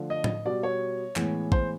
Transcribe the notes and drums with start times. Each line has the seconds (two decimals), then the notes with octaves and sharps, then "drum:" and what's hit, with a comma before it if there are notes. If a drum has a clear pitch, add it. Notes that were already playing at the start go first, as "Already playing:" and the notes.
Already playing: D3 F3 A3
0.10 D#5
0.24 drum: tom
0.45 B2 G3 B3 D5
0.63 C#5
1.16 A2 E3 G#3 B3, drum: clap
1.52 C5, drum: kick